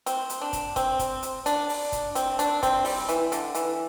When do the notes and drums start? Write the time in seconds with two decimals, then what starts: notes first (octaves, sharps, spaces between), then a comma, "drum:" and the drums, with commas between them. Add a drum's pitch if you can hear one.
0.06 C4, drum: hi-hat
0.30 drum: hi-hat
0.41 D4
0.53 drum: kick, hi-hat
0.76 C4, drum: kick, hi-hat
0.99 drum: kick, hi-hat
1.23 drum: hi-hat
1.46 D4, drum: hi-hat
1.69 drum: open hi-hat
1.92 drum: kick, hi-hat
2.15 C4, drum: hi-hat
2.39 D4, drum: hi-hat
2.63 C4, drum: kick, hi-hat
2.85 G3, drum: open hi-hat
3.09 E3, drum: hi-hat
3.32 D3, drum: hi-hat
3.55 E3, drum: hi-hat